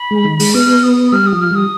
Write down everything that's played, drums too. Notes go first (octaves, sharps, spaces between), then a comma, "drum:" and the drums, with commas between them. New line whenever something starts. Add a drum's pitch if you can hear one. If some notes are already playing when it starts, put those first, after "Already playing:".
Already playing: B5
G#3
D#3
G#3, drum: open hi-hat
B3 F6
D#6
G3 F6
D#6
F3
F6
G3 D#6